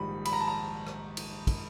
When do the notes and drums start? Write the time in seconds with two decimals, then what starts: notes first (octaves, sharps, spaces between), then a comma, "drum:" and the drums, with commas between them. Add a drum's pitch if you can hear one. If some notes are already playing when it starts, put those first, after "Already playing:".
Already playing: A#1 G#2 D#3 G3 B5
0.25 B5, drum: cymbal
0.33 A#5
0.40 A5
0.48 A#5
0.87 drum: rim click
1.17 drum: cymbal
1.47 drum: kick, cymbal